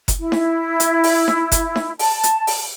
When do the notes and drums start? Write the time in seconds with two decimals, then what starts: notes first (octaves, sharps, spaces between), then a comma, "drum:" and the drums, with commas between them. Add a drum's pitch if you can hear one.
0.08 drum: kick F#1, hi-hat
0.20 E4
0.32 drum: snare D#4
0.80 drum: hi-hat
1.04 drum: open hi-hat
1.28 drum: snare D#4
1.52 drum: kick F#1, hi-hat
1.76 drum: snare D#4
1.99 A5, drum: open hi-hat
2.23 drum: hi-hat
2.47 drum: open hi-hat